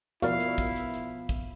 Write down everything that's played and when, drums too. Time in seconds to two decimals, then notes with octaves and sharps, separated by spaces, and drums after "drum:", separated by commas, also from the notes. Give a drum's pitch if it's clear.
0.22 B2 F3 E4 F#4 A#4 D5 F5, drum: hi-hat
0.40 drum: hi-hat
0.58 drum: kick, hi-hat
0.76 drum: hi-hat
0.94 drum: hi-hat
1.29 drum: kick, hi-hat